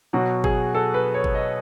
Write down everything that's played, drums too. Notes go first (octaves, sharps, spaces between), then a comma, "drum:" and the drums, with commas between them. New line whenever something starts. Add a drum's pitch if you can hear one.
B2 F#3 F#4
G#4, drum: kick G1
A4
B4
C#5
drum: kick G1
D#5